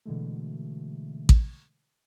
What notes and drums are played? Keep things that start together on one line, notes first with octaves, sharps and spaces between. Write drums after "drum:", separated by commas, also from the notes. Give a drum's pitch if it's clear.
B2 D3 E3 G#3 A3
drum: kick A1